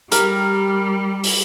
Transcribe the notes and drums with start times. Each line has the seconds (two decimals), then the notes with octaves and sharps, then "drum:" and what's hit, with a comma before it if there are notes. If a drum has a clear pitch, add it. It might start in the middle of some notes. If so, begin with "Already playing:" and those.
0.12 G3 G4 A#4, drum: hi-hat
1.23 drum: open hi-hat